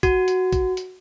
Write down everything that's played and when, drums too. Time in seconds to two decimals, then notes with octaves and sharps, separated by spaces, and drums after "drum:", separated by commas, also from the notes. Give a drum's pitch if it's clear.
0.03 F#4, drum: kick, hi-hat
0.28 drum: hi-hat
0.53 drum: kick, hi-hat
0.77 drum: hi-hat